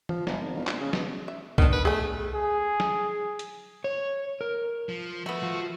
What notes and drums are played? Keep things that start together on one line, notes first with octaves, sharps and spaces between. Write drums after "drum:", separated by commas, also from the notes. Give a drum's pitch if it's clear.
F3, drum: tom
G1, drum: snare
G#1
E1
A#1, drum: clap
C#3
B2, drum: snare
E5
D#3 B3 D4, drum: kick
B4
A3 G#4 G#5
G#4
drum: snare
drum: hi-hat
C#5
A#4
F3
A3 B3 F#4
F3 F4